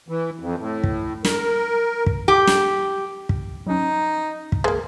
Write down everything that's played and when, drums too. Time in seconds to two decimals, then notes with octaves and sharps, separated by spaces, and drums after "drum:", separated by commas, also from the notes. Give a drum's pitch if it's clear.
0.08 E3
0.40 F2
0.58 A2
0.84 drum: kick
1.25 A#4, drum: snare
2.06 drum: kick
2.28 G4
2.47 drum: snare
3.29 drum: kick
3.66 F#3 C#4 D#4
4.52 drum: kick
4.64 G#3 A#3 B4 G#6